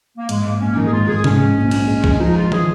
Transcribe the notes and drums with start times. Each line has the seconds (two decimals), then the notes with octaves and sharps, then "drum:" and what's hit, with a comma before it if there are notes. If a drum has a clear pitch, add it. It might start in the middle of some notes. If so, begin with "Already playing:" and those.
0.18 A#3
0.29 G#2 G#3, drum: hi-hat
0.45 G#2 A#3
0.61 A#1 C#4
0.77 D#3 D#4
0.87 G#4
0.92 G#1 F4
1.08 G#1 G#4
1.24 G#2 C#4, drum: tom C3
1.40 G#2
1.56 A#1
1.71 A#1, drum: cymbal
1.87 G#3
2.04 G#3, drum: kick
2.13 C#4
2.20 F3 D#4
2.35 G#3 F4
2.52 G#4, drum: tom